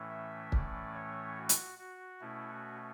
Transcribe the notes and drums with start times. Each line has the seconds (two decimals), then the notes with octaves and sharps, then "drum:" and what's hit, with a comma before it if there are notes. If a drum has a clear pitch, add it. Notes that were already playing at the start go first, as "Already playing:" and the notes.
Already playing: A2 E3 A3 C#4
0.10 E5
0.52 D5, drum: kick
0.95 C#5
1.36 F#4
1.49 drum: hi-hat
1.79 F#4
2.21 B2 A3 C#4 E4
2.49 F#4